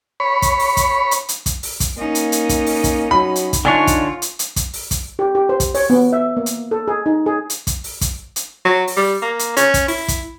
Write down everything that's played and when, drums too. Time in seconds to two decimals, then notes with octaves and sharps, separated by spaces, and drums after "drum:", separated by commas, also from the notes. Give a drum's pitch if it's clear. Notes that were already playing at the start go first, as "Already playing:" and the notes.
0.20 C#5 B5
0.42 drum: kick, hi-hat
0.60 drum: open hi-hat
0.77 drum: kick, hi-hat
1.11 drum: hi-hat
1.29 drum: hi-hat
1.46 drum: kick, hi-hat
1.63 drum: open hi-hat
1.80 drum: kick, hi-hat
1.98 A#3 C#4 D#4
2.15 drum: hi-hat
2.32 drum: hi-hat
2.49 drum: kick, hi-hat
2.67 drum: open hi-hat
2.84 drum: kick, hi-hat
3.11 F#3 B5
3.36 drum: hi-hat
3.53 drum: kick, hi-hat
3.65 D3 D4 D#4 F4 C#5 G#5
3.87 drum: kick, hi-hat
4.22 drum: hi-hat
4.39 drum: hi-hat
4.56 drum: kick, hi-hat
4.74 drum: open hi-hat
4.91 drum: kick, hi-hat
5.19 G4
5.35 G4
5.49 C5
5.60 drum: kick, hi-hat
5.75 C#5, drum: open hi-hat
5.90 B3
6.12 E5
6.37 A#3
6.46 drum: hi-hat
6.71 A4
6.88 G#4
7.06 D#4
7.26 G#4
7.50 drum: hi-hat
7.67 drum: kick, hi-hat
7.84 drum: open hi-hat
8.01 drum: kick, hi-hat
8.36 drum: hi-hat
8.65 F#3
8.88 drum: open hi-hat
8.97 G3
9.22 A#3
9.39 drum: hi-hat
9.57 C#4, drum: hi-hat
9.74 drum: kick, hi-hat
9.88 E4, drum: open hi-hat
10.08 drum: kick, hi-hat